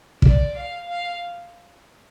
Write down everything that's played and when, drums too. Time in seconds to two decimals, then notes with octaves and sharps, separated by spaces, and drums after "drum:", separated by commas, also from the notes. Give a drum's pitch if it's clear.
0.22 D5, drum: kick
0.55 F5
0.88 F5